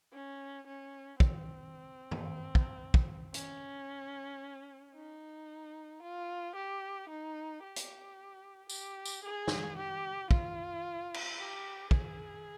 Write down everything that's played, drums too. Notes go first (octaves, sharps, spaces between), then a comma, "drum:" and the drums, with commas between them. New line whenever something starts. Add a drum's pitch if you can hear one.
C#4
C#4
C4, drum: kick
drum: tom G2
drum: kick
drum: kick
C#4, drum: hi-hat
D#4
F4
G4
D#4
G4
drum: hi-hat
G4, drum: tambourine
drum: tambourine
G#4
drum: snare
G4
F4, drum: kick
drum: cymbal
G4
G#4, drum: kick